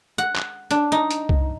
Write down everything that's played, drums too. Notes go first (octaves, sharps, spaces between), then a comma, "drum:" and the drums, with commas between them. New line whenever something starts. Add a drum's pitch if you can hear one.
F#5
drum: clap
D4, drum: hi-hat
D#4
drum: hi-hat
drum: kick C2